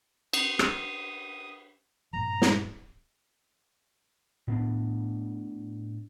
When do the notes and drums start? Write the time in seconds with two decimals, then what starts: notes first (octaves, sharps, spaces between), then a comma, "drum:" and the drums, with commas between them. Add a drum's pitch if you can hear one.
0.33 D#6, drum: cymbal
0.59 drum: rim click
2.13 G2 A#2 F3 A#5
2.42 drum: snare
4.48 A2 B3 D4